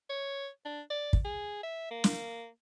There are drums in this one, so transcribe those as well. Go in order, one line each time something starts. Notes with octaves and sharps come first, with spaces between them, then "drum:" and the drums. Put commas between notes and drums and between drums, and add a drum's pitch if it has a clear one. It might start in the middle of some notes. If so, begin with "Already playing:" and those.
C#5
D4
D5
drum: kick
G#4
E5
A#3
drum: snare